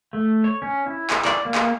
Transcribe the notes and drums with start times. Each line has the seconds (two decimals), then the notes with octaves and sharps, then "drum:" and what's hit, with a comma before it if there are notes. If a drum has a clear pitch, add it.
0.13 A3
0.44 C#5
0.62 C#4
0.86 E4
1.10 drum: clap
1.25 D5, drum: clap
1.45 A#3
1.55 drum: clap